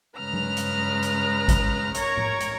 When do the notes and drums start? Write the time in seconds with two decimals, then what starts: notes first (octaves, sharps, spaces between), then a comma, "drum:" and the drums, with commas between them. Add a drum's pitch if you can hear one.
0.17 G2 C#3 G#3 B4 A#5 F6
0.34 drum: tom F#3
0.57 drum: hi-hat
1.02 drum: hi-hat
1.48 drum: kick G#1, hi-hat
1.94 A#4 C#5 A#5 C#6 G#6, drum: hi-hat
2.17 drum: tom A2
2.40 drum: hi-hat